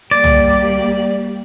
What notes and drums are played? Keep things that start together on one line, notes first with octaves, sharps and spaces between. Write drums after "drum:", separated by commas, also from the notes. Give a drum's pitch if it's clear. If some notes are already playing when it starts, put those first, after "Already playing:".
G3 A#3 G4 D5
drum: tom C2